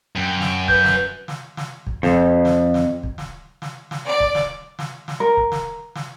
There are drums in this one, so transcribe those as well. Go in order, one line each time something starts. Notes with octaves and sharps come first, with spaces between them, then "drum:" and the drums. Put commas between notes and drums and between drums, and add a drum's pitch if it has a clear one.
F#2 G5
drum: snare
B4 G6, drum: kick
drum: snare
drum: snare
drum: snare
drum: kick
F2, drum: snare
drum: snare
drum: snare
drum: kick
drum: snare
drum: snare
drum: snare
D5
drum: kick
drum: snare
drum: snare
drum: snare
A#4
drum: kick
drum: snare
drum: snare